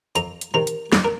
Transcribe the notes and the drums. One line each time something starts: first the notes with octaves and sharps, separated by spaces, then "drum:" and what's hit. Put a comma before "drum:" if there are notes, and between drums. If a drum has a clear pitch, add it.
F2 A#5, drum: hi-hat
drum: hi-hat
C3 D#3 A#5
drum: hi-hat
F2 D5, drum: snare
A#4